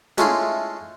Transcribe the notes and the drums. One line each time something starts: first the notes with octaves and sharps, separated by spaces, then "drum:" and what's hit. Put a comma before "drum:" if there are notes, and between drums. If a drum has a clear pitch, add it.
G#3 A3 C#4 E4 F4 G#4, drum: snare